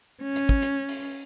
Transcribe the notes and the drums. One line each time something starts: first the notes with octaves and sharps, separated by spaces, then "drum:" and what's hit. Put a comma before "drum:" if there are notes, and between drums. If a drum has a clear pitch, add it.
C#4
drum: hi-hat
drum: kick
drum: hi-hat
drum: open hi-hat